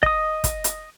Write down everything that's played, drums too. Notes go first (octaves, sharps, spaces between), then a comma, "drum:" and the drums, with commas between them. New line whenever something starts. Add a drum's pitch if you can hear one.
D#5 D#6, drum: kick
drum: kick, hi-hat
drum: hi-hat